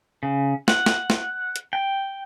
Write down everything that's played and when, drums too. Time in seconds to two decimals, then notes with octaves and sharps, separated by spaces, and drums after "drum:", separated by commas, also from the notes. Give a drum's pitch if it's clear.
0.23 C#3
0.68 F#5, drum: snare
0.86 drum: snare
1.10 drum: snare
1.56 drum: hi-hat
1.73 G5